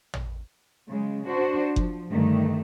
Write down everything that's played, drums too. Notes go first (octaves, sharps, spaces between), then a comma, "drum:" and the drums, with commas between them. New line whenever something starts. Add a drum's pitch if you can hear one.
drum: tom
C#3 F#3 G#3
D4 F#4 C5
F3, drum: kick F#1
G2 D3 D#3 G3 A3